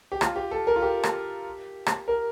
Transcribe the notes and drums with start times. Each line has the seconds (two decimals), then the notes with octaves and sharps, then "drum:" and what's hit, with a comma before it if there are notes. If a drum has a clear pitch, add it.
0.12 G4
0.21 F4, drum: rim click
0.36 G4
0.51 A4
0.67 A#4
0.76 F4
0.82 G4
1.03 drum: rim click
1.86 drum: rim click
2.08 A#4